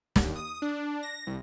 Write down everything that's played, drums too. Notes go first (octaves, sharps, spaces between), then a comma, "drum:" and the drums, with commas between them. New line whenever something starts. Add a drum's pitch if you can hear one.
D#2, drum: snare
D#6
D4
A#6
C2